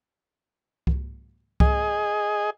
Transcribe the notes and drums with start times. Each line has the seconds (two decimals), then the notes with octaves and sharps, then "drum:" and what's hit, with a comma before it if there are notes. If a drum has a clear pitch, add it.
0.87 drum: kick C2
1.60 G#4 D#5, drum: kick C2